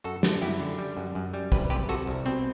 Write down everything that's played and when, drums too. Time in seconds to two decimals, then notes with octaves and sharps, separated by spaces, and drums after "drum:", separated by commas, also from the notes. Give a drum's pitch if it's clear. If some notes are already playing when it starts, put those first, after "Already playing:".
0.04 F#2 F#4 A4
0.23 D3, drum: snare
0.42 F#2 E4 G4
0.60 D3
0.78 G3
0.97 F#2
1.15 F#2
1.34 G3
1.52 C2 G4 B4, drum: kick
1.70 C3 G4 B4
1.89 C3 F#4 A4
2.07 C2
2.26 B2 C4